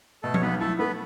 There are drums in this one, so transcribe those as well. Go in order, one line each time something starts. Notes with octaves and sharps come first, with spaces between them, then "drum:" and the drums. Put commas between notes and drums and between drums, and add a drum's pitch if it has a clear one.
B2 A3 A4
C#5, drum: tom F3
B1 B3 B4
A3 E4 A4
A3 B3 B4